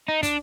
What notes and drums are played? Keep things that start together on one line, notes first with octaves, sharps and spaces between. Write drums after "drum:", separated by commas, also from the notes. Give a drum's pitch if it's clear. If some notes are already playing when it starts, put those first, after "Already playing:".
D#4
D4, drum: kick, hi-hat